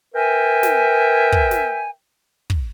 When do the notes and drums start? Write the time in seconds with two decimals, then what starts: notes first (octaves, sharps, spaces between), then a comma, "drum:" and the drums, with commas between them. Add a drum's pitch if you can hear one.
0.15 A#4 B4 E5 G5 G#5
0.63 drum: snare
1.32 drum: kick
1.51 drum: snare
2.50 drum: kick